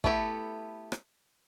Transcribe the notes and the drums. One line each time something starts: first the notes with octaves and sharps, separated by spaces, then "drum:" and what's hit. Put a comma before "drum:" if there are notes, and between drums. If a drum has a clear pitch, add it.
A3 B3 E4 G4 A4, drum: kick
drum: rim click